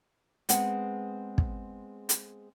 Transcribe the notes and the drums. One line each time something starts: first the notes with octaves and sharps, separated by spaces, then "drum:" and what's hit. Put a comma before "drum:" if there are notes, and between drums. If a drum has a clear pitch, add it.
G#3 B3 C4 G#4 F#5, drum: hi-hat
drum: kick
drum: hi-hat